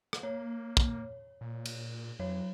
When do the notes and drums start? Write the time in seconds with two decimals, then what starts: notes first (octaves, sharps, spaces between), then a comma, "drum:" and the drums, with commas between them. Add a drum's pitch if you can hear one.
0.13 drum: rim click
0.23 A#3 C#5
0.77 drum: kick
1.41 A#2
1.66 drum: cymbal
2.20 F2 F#3 C#5